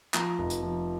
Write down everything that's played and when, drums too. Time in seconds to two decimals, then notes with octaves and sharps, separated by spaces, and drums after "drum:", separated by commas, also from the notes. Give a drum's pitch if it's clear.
0.14 F3 A#5, drum: clap
0.38 F1
0.50 drum: hi-hat
0.62 F3